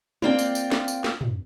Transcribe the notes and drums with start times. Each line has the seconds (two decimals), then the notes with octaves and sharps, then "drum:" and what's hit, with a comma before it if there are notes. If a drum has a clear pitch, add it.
0.22 A#3 C4 F4 D5 G5, drum: tom
0.39 drum: tambourine
0.55 drum: tambourine
0.72 drum: snare
0.88 drum: tambourine
1.04 drum: snare
1.21 drum: tom